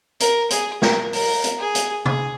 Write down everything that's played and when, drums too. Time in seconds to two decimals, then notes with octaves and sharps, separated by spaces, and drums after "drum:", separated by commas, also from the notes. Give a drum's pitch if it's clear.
0.20 A#4, drum: hi-hat
0.50 G#4, drum: hi-hat
0.82 A#4, drum: snare
1.13 A#4, drum: open hi-hat
1.44 drum: hi-hat
1.59 G#4
1.75 drum: hi-hat
2.05 G#4, drum: tom C3